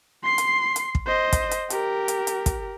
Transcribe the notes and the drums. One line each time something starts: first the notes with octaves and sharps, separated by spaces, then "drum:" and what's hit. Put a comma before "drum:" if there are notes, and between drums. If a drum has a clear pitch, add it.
C6 C7
drum: hi-hat
drum: hi-hat
drum: kick
C5 D#5
drum: kick, hi-hat
drum: hi-hat
G4 A#4, drum: hi-hat
drum: hi-hat
drum: hi-hat
drum: kick, hi-hat